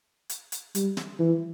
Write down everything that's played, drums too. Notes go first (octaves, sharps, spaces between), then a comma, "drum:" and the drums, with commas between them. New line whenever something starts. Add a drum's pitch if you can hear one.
drum: hi-hat
drum: hi-hat
G3, drum: hi-hat
drum: snare
E3